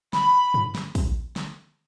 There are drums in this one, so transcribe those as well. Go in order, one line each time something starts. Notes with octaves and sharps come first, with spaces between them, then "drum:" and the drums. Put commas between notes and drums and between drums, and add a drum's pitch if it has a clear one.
B5, drum: snare
drum: tom G2
drum: snare
drum: kick, open hi-hat
drum: snare